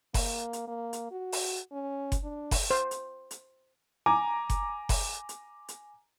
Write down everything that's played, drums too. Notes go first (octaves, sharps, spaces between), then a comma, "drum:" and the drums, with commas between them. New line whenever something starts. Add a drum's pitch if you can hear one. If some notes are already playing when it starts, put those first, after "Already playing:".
A#3, drum: kick F#1, open hi-hat
drum: hi-hat
A#3
drum: hi-hat
F#4
drum: open hi-hat
C#4
drum: kick F#1, hi-hat
D4
drum: kick F#1, open hi-hat
C5
drum: hi-hat
drum: hi-hat
G#5 A#5 D6
drum: kick F#1, hi-hat
drum: kick F#1, open hi-hat
drum: hi-hat
drum: hi-hat